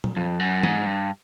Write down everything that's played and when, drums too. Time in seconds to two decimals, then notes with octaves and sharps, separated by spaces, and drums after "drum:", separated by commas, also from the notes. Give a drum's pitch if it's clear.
0.04 drum: tom
0.17 F2
0.39 F#2
0.63 G#2, drum: tom
0.86 G2